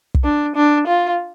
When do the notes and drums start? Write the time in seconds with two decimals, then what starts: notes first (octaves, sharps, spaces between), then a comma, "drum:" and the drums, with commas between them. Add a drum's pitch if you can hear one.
0.14 drum: kick
0.24 D4
0.56 D4
0.87 F4